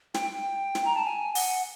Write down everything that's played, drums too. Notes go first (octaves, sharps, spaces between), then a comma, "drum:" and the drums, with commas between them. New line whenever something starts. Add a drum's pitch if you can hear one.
G5, drum: snare
drum: snare
A#5
A5
G#5
F#5, drum: open hi-hat